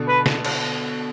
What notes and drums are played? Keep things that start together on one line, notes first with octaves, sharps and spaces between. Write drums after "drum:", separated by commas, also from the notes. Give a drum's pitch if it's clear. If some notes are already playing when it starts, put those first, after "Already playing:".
Already playing: B2 D3
B4
drum: snare
drum: cymbal